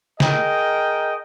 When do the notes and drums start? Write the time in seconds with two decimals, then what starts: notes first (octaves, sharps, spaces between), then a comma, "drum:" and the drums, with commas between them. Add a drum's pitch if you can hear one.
0.20 G#4 A#4 D#5 G5, drum: snare